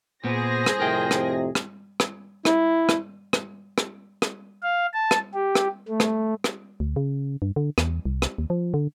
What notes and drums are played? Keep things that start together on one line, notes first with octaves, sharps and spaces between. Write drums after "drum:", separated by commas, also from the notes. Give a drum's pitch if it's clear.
A#2 B3 G#4 C5 A#6
drum: rim click
F2 A2 C3 A#4 G5
drum: rim click
drum: rim click
drum: rim click
E4, drum: rim click
drum: rim click
drum: rim click
drum: rim click
drum: rim click
F5
A5
drum: rim click
G4
drum: rim click
A3
drum: rim click
drum: rim click
D2
C#3
G2
D3
E2, drum: rim click
C2
drum: rim click
D#2
F3
D3